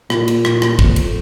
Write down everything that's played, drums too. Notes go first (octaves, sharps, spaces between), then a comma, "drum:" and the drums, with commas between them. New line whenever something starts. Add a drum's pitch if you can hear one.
A#2, drum: rim click
drum: cymbal
drum: rim click
drum: rim click
F2, drum: kick
drum: cymbal